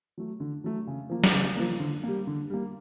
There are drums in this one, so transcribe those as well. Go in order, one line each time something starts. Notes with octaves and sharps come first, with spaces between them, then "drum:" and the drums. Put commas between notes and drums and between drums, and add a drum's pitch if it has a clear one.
F#3 A3
D3
F#3 A3
C#3
F3 A#3
drum: snare
C#3
F3 A#3
D3
G3 A#3
D3
G3 A#3